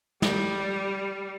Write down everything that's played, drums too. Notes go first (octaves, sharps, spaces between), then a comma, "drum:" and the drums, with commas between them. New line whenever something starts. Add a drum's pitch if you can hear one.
G3, drum: snare